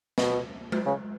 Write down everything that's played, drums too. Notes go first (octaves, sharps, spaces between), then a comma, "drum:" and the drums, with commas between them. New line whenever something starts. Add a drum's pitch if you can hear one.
B2, drum: snare
drum: tom G#3
C#3